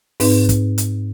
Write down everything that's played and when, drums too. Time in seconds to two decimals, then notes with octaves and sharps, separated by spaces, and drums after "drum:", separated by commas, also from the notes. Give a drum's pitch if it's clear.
0.20 G#2 C4 D#4 B4, drum: open hi-hat
0.49 drum: kick, hi-hat
0.78 drum: hi-hat